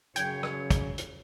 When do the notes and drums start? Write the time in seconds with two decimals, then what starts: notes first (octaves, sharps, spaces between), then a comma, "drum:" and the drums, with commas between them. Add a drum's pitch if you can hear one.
0.16 F#2 C#3 C#5 G5 G#6, drum: hi-hat
0.43 drum: rim click
0.70 drum: kick, hi-hat
0.98 drum: hi-hat